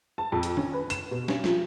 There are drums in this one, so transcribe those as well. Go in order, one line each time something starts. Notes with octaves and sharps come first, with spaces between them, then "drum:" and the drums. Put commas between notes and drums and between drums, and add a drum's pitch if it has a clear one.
A5
F2
drum: hi-hat
C#4, drum: tom D#3
B4
E7, drum: hi-hat
B2
C#4, drum: snare
F3, drum: snare